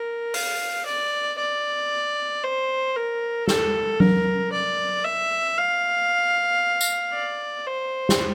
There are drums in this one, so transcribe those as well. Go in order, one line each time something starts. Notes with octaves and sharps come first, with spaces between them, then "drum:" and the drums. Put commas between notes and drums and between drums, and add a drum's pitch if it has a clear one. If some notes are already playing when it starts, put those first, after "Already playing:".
Already playing: A#4
F5, drum: open hi-hat
D5
D5
C5
A#4
A4, drum: snare
A#4, drum: tom F#3
D5
E5
F5
drum: tambourine
D5
C5
drum: snare